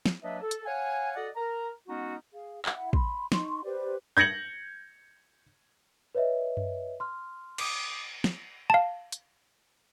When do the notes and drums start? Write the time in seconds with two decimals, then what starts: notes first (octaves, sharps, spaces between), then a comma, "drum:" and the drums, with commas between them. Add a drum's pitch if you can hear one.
0.06 drum: snare
0.23 F#3 A#3 D4 B4 D#5 E5
0.41 A4
0.51 drum: hi-hat
0.65 C#5 F5 F#5 G#5
1.15 F#4 A4 D5 D#5 F#5
1.36 A#4 A#5
1.88 G#3 B3 C#4 D#4 F#4
2.32 G#4 F5
2.66 E4 E5 F#5, drum: clap
2.93 B5 C6, drum: kick
3.32 D#4 C6 C#6, drum: snare
3.64 G4 B4 C5 D5
4.17 G6 G#6 A#6 C#7 F#7
6.15 B4 C#5 D#5 E5
6.57 drum: tom F#2
7.00 C6 F6
7.58 D6 D#6, drum: cymbal
8.24 drum: snare
8.70 F5 A5
9.12 drum: hi-hat